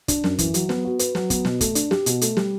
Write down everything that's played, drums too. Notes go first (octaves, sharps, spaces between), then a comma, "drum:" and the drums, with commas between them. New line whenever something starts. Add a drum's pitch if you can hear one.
D4, drum: kick, hi-hat
F#2, drum: snare
E3, drum: kick, hi-hat
F#3, drum: hi-hat
B3, drum: snare
F#4
B4, drum: hi-hat
F#3, drum: snare
B3, drum: kick, hi-hat
B2, drum: snare
A3, drum: kick, hi-hat
D4, drum: hi-hat
G4, drum: snare
B2, drum: hi-hat
A3, drum: hi-hat
G3, drum: snare